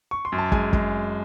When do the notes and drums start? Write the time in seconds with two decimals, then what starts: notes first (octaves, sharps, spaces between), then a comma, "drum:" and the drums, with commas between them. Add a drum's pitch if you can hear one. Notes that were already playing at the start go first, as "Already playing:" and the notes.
0.11 C#6
0.25 C6
0.32 F#2
0.38 A5
0.52 G#3 G#5, drum: kick
0.73 G#3, drum: kick